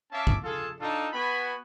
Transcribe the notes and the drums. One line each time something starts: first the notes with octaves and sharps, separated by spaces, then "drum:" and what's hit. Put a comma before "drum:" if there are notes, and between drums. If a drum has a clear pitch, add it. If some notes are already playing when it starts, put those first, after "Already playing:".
C#4 E5 F5 A5 D6
drum: kick
F4 G#4 A4
D4 D#4 F4 A4
B3 F#4 G#5 B5